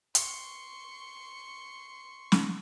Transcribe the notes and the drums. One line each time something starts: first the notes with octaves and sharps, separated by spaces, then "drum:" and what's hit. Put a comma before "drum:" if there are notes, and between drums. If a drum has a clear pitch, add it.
C6 C#6, drum: hi-hat
drum: snare